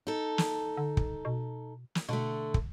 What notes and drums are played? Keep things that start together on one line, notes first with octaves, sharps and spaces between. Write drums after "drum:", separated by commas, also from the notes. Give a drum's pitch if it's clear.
D#4 A4
drum: snare
D3
drum: kick
B2
drum: snare
B2 D3 A3
drum: kick